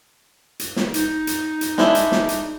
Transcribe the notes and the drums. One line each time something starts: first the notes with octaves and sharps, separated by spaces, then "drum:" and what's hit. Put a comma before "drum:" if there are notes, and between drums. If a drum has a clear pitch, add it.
drum: hi-hat
drum: snare
D#4, drum: hi-hat
drum: hi-hat
drum: hi-hat
G#3 D4 E4, drum: snare
drum: hi-hat
drum: snare
drum: hi-hat